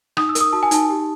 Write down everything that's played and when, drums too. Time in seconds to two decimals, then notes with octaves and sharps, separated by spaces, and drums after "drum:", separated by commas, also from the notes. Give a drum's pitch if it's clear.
0.17 D#4 D#6, drum: rim click
0.29 E6
0.35 A#4, drum: hi-hat
0.41 D#6
0.53 F#4 A5
0.63 G#5
0.71 D#4 A5, drum: hi-hat
0.90 G4